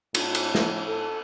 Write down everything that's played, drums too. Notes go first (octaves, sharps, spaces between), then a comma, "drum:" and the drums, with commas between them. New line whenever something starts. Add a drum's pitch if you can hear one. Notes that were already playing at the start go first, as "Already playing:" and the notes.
A2 D4, drum: cymbal
drum: cymbal
drum: snare
A4